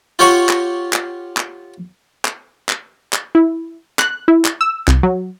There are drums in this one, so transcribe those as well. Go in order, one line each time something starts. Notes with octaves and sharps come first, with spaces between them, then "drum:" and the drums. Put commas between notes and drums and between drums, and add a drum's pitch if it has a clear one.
F4 G4 C#5 F#5 C#6
drum: clap
drum: clap
drum: clap
drum: clap
drum: clap
drum: clap
E4
F#6, drum: clap
E4
drum: clap
E6
C2, drum: clap
F#3